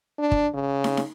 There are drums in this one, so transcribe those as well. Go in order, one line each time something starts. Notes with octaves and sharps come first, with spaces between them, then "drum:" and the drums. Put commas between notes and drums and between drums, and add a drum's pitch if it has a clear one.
D4
drum: kick
C#3
drum: snare
drum: snare